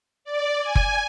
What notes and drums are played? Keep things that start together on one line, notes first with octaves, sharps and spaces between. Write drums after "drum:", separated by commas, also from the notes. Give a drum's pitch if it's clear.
D5
G#5
drum: kick F#1